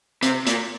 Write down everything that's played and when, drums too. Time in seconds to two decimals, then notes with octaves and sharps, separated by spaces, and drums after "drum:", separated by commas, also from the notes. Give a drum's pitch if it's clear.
0.23 C3, drum: hi-hat
0.47 A#2, drum: hi-hat